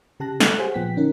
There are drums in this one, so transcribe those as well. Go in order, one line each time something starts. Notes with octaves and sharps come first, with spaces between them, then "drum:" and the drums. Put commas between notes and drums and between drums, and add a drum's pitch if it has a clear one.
C#3 G4 A5 F#6 A#6
A4 E5, drum: snare
G4 G#4 C5 C#5 F#5 G#5
A#2 F3 B3 G5 F#6 B6
D3 C#4 D#4 A#4